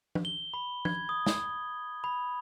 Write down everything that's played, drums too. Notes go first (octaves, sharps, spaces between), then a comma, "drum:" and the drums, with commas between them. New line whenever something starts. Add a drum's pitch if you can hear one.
drum: tom F3
G7
B5
G#6, drum: tom F3
D#6
drum: snare
B5